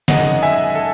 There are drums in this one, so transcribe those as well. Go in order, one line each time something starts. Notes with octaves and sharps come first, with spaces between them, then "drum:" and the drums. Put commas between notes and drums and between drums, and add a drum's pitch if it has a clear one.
F#2 D#3 G#3 D#5 F#5, drum: snare
E5 G#5
A4